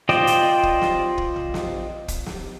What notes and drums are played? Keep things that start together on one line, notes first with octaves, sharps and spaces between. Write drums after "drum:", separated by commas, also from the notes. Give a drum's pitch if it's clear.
F4 C5 D5 D#5 G5, drum: snare
drum: hi-hat
drum: kick
drum: snare
drum: kick
drum: tom A#1
drum: snare
drum: kick, hi-hat
drum: snare